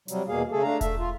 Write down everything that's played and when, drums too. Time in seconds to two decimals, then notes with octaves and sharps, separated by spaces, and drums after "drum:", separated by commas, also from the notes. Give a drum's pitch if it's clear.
0.08 C3 F#3 G3, drum: hi-hat
0.28 E2 B2 A#3 G#4 F5
0.51 C#3 A3 G#4 A4
0.63 A3 D4 F5 A#5
0.81 A3 E5, drum: kick E1, hi-hat
0.99 F4